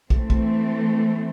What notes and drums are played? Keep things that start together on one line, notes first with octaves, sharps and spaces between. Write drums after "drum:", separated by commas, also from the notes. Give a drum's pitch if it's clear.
E3 A3 C4, drum: kick
drum: kick